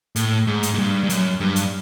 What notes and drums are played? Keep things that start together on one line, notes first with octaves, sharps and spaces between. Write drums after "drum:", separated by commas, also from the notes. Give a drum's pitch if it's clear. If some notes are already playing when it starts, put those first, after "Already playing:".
A2, drum: hi-hat
G#2
drum: hi-hat
G#2
G2
G2
F#2, drum: hi-hat
G2
drum: hi-hat